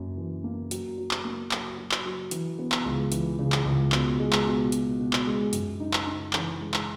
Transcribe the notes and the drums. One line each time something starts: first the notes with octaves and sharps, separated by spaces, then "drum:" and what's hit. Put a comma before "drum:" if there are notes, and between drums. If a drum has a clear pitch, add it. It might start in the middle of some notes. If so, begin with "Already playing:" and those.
Already playing: F#2 A#3
E3
A#3
F#3, drum: hi-hat
F#3
drum: clap
A#3
F#3, drum: clap
F#3
drum: clap
F#3
E3, drum: hi-hat
B3
drum: clap
C#2
E3, drum: hi-hat
C#3
drum: clap
C#2
B2, drum: clap
G#3
drum: clap
B2
B2, drum: hi-hat
B2
drum: clap
G#3
F#2, drum: hi-hat
D#4
drum: clap
D#4
E3, drum: clap
G#3
drum: clap